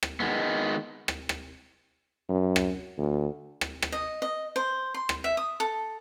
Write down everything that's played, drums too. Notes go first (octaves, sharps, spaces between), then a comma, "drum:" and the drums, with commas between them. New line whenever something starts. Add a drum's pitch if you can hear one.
drum: rim click
D#3 G#3 B3
drum: rim click
drum: rim click
F#2
drum: rim click
D2
drum: rim click
drum: rim click
D#5
D#5
C5
C6
drum: rim click
E5
D#6
A4